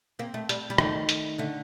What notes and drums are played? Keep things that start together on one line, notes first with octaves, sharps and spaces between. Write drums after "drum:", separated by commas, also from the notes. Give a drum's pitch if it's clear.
A#3 C4
A3
G3, drum: hi-hat
G3
D#3 A3, drum: rim click
drum: hi-hat
D3 A3